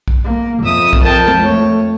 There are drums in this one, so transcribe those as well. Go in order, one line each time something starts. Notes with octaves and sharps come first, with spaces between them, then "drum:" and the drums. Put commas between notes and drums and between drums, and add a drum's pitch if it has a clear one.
drum: kick B1
A#3
F2 E5 D#6
drum: kick B1
A#4 G5 A5
drum: tom G#3
A3 C#5